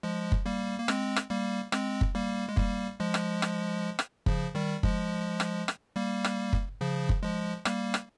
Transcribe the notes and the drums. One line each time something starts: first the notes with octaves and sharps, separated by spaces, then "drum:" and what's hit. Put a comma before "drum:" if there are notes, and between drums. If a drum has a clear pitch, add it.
F3 G#3
drum: kick
G3 A#3
A#3
G#3 C4, drum: rim click
drum: rim click
G3 A#3
G#3 C4, drum: rim click
drum: kick
G3 A#3
G#3
G3 A#3, drum: kick
F3 G#3
drum: rim click
drum: rim click
drum: rim click
C#3 F3, drum: kick
D#3 G3
F3 G#3, drum: kick
drum: rim click
drum: rim click
G3 A#3
drum: rim click
drum: kick
C#3 F3
drum: kick
F3 G#3
G3 A#3, drum: rim click
drum: rim click